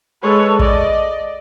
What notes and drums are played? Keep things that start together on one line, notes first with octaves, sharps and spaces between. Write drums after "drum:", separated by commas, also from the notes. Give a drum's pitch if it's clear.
G#3 A4 B4 C#5
D5 D#5, drum: kick